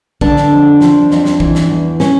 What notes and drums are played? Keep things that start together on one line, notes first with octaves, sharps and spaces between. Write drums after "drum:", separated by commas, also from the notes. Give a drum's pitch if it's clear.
D3 D4, drum: kick
drum: snare
F2
F3, drum: snare
F2, drum: snare
drum: snare
E3, drum: kick
drum: snare
E2
C#4, drum: snare